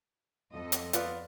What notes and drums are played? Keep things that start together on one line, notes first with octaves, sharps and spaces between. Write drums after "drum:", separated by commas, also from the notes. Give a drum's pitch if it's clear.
F2 A4 D#5
drum: hi-hat
B3 F4 D5, drum: hi-hat